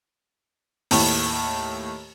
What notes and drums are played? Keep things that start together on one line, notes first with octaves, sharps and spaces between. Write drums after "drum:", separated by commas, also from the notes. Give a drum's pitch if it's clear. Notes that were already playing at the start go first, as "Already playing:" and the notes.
D#2 A2, drum: open hi-hat